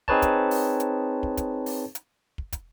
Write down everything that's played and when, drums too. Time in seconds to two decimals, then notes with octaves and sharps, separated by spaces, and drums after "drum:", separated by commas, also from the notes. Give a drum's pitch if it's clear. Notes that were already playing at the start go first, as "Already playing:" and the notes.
0.08 C4 D#4 G#4 B4 C#5 A5, drum: kick
0.22 drum: kick, hi-hat
0.51 drum: open hi-hat
0.80 drum: hi-hat
1.23 drum: kick
1.37 drum: kick, hi-hat
1.66 drum: open hi-hat
1.95 drum: hi-hat
2.38 drum: kick
2.53 drum: kick, hi-hat